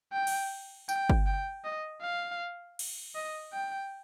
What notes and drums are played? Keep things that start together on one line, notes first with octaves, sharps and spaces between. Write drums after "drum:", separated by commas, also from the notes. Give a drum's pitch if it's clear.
G5
drum: cymbal
G5, drum: tambourine
drum: kick
G5
D#5
F5
drum: cymbal
D#5
G5